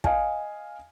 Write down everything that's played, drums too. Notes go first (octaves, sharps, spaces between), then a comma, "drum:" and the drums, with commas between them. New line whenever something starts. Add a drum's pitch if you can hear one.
D#5 F5 G#5, drum: kick